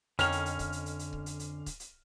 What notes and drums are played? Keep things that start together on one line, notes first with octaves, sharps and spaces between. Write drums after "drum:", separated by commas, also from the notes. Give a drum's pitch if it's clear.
F2 D3 D#3 C#4 F5 F6 F7, drum: hi-hat
drum: hi-hat
drum: hi-hat
drum: kick C#1, hi-hat
drum: hi-hat
drum: hi-hat
drum: hi-hat
drum: kick C#1
drum: hi-hat
drum: hi-hat
drum: kick C#1, hi-hat
drum: hi-hat